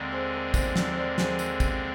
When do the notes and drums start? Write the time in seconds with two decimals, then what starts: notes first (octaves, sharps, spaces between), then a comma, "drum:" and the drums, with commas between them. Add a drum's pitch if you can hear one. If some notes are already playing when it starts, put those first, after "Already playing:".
Already playing: D#2 D3 G#3 C4 A#4 D5
0.12 G#4 C5
0.33 A#4 D5
0.54 G#4 C5, drum: kick, tambourine
0.76 A#4 D5, drum: snare
0.93 A#4 C5 D5
1.18 G#4 C5, drum: snare
1.39 drum: tambourine
1.60 drum: kick, tambourine